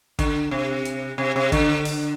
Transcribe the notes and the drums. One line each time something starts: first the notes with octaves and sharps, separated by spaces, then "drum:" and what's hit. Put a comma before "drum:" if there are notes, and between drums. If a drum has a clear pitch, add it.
D3, drum: kick, hi-hat
C3
drum: hi-hat
C3
C3
D3, drum: kick, hi-hat
drum: open hi-hat